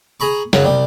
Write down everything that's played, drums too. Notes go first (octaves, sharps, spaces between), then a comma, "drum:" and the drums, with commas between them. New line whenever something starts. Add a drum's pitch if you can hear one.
G#4 A#5 B5 C#6
F#2 C#3 F#5, drum: snare
C2 G3